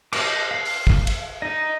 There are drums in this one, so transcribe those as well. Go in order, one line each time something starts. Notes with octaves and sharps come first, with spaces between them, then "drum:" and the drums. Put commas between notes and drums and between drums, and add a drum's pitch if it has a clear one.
C5 D#5 D6, drum: cymbal
F5
drum: open hi-hat
drum: kick
drum: cymbal
D#4 D#5